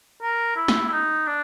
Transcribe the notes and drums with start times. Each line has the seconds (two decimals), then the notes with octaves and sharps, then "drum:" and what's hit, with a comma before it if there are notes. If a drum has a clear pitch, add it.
0.22 A#4
0.56 E4
0.68 drum: snare
0.88 E4
0.92 D#4
1.27 D4